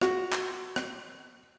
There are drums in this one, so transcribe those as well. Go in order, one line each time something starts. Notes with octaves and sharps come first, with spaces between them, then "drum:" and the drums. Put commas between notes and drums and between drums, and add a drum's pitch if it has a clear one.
F#4, drum: rim click
drum: clap
drum: rim click